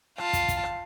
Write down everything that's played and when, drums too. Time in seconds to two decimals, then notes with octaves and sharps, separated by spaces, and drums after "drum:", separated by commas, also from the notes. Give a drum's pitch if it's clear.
0.18 F4 A5, drum: rim click
0.33 drum: kick, hi-hat
0.48 drum: kick, hi-hat
0.63 drum: rim click